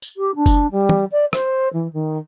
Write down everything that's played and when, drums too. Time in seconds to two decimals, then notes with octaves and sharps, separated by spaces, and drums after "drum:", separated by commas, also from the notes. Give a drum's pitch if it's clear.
0.02 drum: tambourine
0.17 G4
0.36 D4
0.46 drum: kick F#1, tambourine
0.71 G3
0.89 drum: tom
1.12 D5
1.33 C5, drum: rim click
1.73 E3
1.93 D#3